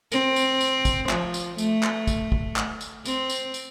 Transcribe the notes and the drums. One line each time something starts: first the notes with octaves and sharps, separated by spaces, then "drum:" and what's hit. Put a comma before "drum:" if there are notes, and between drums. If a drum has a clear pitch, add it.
C4, drum: tambourine
drum: tambourine
drum: tambourine
drum: kick, tambourine
F3, drum: clap
drum: tambourine
A3, drum: tambourine
drum: clap
drum: kick, tambourine
drum: kick
drum: clap
drum: tambourine
C4, drum: tambourine
drum: tambourine
drum: tambourine